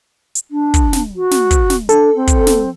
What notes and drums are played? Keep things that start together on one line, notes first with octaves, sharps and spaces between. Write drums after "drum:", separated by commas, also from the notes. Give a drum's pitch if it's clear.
drum: hi-hat
D4
drum: kick, hi-hat
drum: snare
F#4
drum: snare
drum: kick, hi-hat
drum: snare
D4 A4, drum: hi-hat
C4
drum: kick, hi-hat
drum: snare